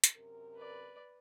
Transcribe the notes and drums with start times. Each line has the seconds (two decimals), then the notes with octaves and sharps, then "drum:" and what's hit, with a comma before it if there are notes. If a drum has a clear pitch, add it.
0.04 drum: hi-hat
0.16 F#2 C3 A#4
0.55 B4 D5